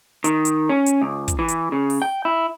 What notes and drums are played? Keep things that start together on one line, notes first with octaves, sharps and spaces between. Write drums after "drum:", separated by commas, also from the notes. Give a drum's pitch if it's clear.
D#3, drum: hi-hat
drum: hi-hat
C#4
drum: hi-hat
C#2
drum: kick, hi-hat
E3
drum: hi-hat
C#3
drum: open hi-hat
G5
E4